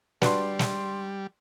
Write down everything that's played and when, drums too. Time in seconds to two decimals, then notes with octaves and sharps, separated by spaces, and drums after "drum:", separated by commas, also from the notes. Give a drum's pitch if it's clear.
0.22 G3 D4 F#4 B4 D5 C6, drum: snare
0.59 drum: snare